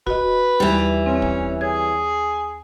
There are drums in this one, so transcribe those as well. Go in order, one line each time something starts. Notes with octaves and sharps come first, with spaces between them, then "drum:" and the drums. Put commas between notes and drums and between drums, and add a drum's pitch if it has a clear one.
F#4 B4 D#5, drum: kick
D#2 E3 G3
C4 C#4
drum: kick
G#4 C#5 G#6